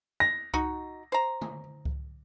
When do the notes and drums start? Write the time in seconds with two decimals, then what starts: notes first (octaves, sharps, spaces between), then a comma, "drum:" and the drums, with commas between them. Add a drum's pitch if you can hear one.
0.20 A#6
0.54 D#4 F#4, drum: kick C#2
1.12 C5 A#5
1.41 drum: tom D3
1.85 drum: kick C#2